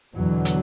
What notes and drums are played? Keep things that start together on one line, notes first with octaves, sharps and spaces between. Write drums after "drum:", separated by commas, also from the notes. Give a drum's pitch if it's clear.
E2 B2 D3 F#3
drum: hi-hat